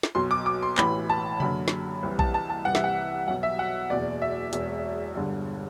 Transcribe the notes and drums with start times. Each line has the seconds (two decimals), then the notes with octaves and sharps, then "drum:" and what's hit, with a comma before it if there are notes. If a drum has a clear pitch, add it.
0.03 drum: snare
0.15 B1 B2 C6
0.31 D6
0.46 D6
0.63 C6
0.78 A1 A2 E3 B5, drum: clap
1.10 A5
1.40 F#1 F#2 D3 B5, drum: tom C3
1.68 drum: snare
2.03 C2 C3 E3
2.19 A5, drum: kick A#1
2.34 A5
2.50 A5
2.65 C2 C3 E3 F#5
2.75 E5, drum: snare
2.84 F#5
3.28 B1 B2 F#5
3.43 E5
3.59 F#5
3.90 F#1 E2 B2 D5
4.22 E5
4.53 E1 E2 B2, drum: hi-hat
5.15 G1 G2 D3